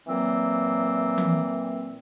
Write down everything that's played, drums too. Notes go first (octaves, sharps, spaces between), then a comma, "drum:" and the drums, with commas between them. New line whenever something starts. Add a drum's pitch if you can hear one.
A#2 E3 F#3 A#3 C4
drum: tom E3